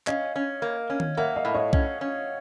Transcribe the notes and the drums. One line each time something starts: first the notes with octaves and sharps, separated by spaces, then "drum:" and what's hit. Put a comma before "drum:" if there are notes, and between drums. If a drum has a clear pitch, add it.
C#4 D#5 F5, drum: clap
C#4
A#3
C#4
drum: tom D#3
A#3 E5 F#5
D#5 F5
A2
C#5 D#5
C#4, drum: kick B1
C#4